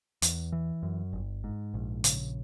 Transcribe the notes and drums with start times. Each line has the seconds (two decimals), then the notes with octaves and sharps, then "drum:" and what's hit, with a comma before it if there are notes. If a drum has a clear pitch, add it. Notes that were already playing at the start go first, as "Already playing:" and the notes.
0.22 E2, drum: hi-hat
0.52 E3
0.83 F#2
1.13 G1
1.44 G#2
1.74 A#1
2.04 C#3, drum: hi-hat